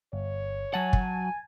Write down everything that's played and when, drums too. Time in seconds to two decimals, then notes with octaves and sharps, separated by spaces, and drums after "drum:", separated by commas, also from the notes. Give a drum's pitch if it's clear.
0.13 G1 C#5
0.74 F#3 F#5 G#5 A5
0.93 drum: kick